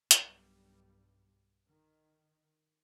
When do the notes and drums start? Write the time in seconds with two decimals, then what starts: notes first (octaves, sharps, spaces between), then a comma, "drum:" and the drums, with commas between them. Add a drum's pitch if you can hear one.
0.11 B1 G2 G3, drum: hi-hat
1.68 D#3